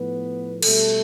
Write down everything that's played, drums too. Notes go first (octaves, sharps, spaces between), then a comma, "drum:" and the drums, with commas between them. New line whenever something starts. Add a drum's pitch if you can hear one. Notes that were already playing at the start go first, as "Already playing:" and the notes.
Already playing: A2 F3 B3 B4
B2 G3 A3 A4, drum: cymbal